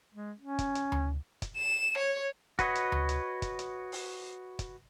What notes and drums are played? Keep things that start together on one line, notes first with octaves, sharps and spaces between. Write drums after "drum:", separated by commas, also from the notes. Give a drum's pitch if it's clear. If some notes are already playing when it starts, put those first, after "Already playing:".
G#3
C#4
drum: kick, hi-hat
drum: hi-hat
drum: tom D2
drum: kick, hi-hat
E7
C#5
F#4 B4 C#5 D#5, drum: kick, hi-hat
drum: hi-hat
drum: tom D2
drum: hi-hat
drum: kick, hi-hat
drum: hi-hat
drum: open hi-hat
drum: kick, hi-hat